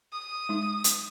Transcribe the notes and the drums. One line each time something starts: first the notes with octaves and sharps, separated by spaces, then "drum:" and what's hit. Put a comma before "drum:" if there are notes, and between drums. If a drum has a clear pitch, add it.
D#6
G#3 D#4
drum: hi-hat